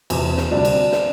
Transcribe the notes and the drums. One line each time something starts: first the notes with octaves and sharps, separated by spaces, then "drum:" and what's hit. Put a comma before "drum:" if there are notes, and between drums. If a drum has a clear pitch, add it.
E1 E2 C3, drum: cymbal
drum: snare
D2 C3 G3 D4
drum: cymbal
drum: snare